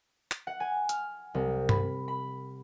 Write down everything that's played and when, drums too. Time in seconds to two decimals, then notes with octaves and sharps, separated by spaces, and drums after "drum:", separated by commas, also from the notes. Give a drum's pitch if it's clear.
0.32 drum: clap
0.47 F#5
0.60 G#5
0.89 F6, drum: hi-hat
1.34 C2
1.69 B5, drum: tom G2
2.08 B5